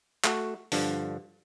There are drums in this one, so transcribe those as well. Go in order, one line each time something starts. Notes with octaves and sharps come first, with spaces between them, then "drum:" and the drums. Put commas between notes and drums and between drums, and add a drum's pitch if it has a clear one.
A3 F#4, drum: clap
G2 D3 F3, drum: open hi-hat